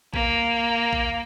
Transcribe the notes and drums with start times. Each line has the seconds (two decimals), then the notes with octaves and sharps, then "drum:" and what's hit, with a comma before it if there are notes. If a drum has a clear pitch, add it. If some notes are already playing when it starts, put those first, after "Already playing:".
0.14 A#3, drum: kick A#1
0.93 drum: kick A#1